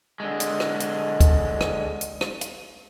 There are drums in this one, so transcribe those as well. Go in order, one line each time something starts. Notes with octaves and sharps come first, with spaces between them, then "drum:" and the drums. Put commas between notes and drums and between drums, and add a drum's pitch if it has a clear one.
D3 G#3
drum: hi-hat
drum: rim click
drum: hi-hat
drum: kick, hi-hat
drum: rim click
drum: hi-hat
drum: rim click
drum: hi-hat